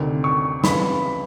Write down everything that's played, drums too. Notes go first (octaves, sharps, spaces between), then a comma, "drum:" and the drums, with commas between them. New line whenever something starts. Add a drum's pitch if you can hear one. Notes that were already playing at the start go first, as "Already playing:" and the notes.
Already playing: D2 C3 D#3
C#6
F2 C#3 E3 B5, drum: snare